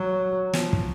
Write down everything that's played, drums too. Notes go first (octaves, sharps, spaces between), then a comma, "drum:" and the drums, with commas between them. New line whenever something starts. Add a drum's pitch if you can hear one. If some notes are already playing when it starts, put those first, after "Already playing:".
Already playing: F#3
F3, drum: snare
drum: kick